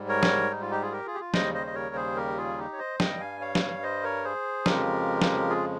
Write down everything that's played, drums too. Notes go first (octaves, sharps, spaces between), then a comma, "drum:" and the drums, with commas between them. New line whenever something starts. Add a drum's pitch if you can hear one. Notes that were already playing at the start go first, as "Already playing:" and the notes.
Already playing: G#2 G3
A#4 C#5
drum: snare
D#4
F4
D#4 G4
F4 G#4
G4 A#4
F4 G#4
G4
F4
D#2 C#3 G3 C5 D#5, drum: snare
C5 D#5
D#5
A#4 C#5
G#4 C5
G4 A#4
F4 G#4
D#4 G4
C#5
C5 D#5
G2 G3 D#5 G5, drum: snare
F5 G#5
C#5 F5
drum: snare
C5 D#5
A#4 C#5
G#4 C5
F2 C#3 F3 G#3 G4 A#4, drum: snare
drum: snare
F4 G#4